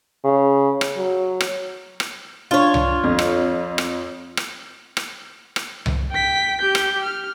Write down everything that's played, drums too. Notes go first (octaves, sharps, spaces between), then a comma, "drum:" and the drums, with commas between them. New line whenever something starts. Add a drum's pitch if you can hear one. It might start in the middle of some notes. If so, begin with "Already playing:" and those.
C#3
drum: rim click
F#3
drum: rim click
drum: rim click
D4 F4 C#5
drum: tom C2
F2
drum: rim click
drum: rim click
drum: rim click
drum: rim click
drum: rim click
drum: tom C2
G5 B6
G4 G6
drum: rim click
F6